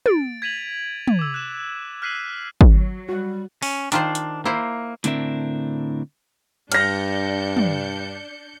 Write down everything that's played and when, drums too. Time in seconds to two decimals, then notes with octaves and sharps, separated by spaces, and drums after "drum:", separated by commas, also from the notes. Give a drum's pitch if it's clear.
0.06 A6 D7, drum: tom
0.42 G#6 B6 D#7 F7 F#7
1.08 drum: tom
1.19 D6 E6
1.34 F#6 E7
2.02 F6 F#6 B6 C7 D#7 F#7
2.61 drum: kick
2.71 F#3
3.09 G3 F#4 F#5
3.63 C#4, drum: open hi-hat
3.92 D#3 D4 F4 C5, drum: hi-hat
4.15 drum: hi-hat
4.45 A#3 E4 C5
5.04 A2 D3 C4 D4 A#4 E5, drum: hi-hat
6.72 G2 D4 F6 G6 A#6 C#7, drum: cymbal
7.57 drum: tom